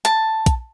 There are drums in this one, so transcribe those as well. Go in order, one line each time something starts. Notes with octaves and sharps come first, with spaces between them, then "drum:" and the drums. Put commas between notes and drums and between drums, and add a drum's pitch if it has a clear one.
A5, drum: hi-hat
drum: kick, hi-hat